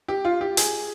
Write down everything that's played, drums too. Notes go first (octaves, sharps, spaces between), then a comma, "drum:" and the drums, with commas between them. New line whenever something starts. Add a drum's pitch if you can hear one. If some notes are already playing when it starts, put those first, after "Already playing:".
G4
F4
G4
G#4, drum: hi-hat